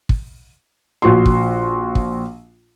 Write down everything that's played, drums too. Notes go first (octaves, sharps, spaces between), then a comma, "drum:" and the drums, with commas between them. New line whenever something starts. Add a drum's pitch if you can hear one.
drum: kick
A#1 F#4 C6
drum: kick
drum: kick